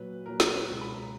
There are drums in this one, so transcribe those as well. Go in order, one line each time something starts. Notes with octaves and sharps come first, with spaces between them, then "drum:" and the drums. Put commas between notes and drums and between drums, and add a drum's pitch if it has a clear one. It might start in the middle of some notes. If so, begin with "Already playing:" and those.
Already playing: A#2 F#3 B4
A#2 F#3 A#4
B4, drum: snare
C#5
C#2 B2 G#3
B5
A#5